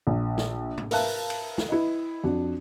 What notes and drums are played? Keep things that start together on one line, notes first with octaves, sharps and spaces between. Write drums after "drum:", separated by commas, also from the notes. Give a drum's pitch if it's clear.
A#1
drum: snare
drum: tom
A#4 B4 E5 F5 A5 F#6, drum: open hi-hat
drum: cymbal
drum: snare
E4 B4 D#5
F2 D4 F#4